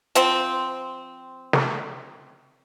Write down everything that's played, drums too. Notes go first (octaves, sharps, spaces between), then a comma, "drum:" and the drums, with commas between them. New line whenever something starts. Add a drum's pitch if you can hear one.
F3 C4, drum: hi-hat
drum: snare